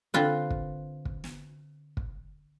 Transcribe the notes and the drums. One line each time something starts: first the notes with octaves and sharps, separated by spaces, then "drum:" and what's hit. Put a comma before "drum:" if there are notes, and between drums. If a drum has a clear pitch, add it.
D3 C4 F4 B4
drum: kick
drum: kick
drum: snare
drum: kick